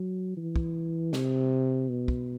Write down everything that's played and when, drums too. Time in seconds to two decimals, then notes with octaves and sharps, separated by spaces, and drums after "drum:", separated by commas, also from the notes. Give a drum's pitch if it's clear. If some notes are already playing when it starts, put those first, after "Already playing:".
Already playing: F#3
0.37 E3
0.56 drum: kick
1.13 C3, drum: snare
1.89 B2
2.08 drum: kick